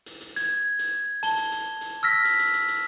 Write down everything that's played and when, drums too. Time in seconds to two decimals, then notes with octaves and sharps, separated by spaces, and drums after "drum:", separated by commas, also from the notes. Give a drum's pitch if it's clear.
0.06 drum: hi-hat
0.21 drum: hi-hat
0.36 G#6, drum: hi-hat
0.79 drum: hi-hat
1.23 A5 G7, drum: hi-hat
1.37 drum: hi-hat
1.52 drum: hi-hat
1.81 drum: hi-hat
2.03 E6 F6 A#6 B6
2.25 drum: hi-hat
2.39 drum: hi-hat
2.54 drum: hi-hat
2.69 drum: hi-hat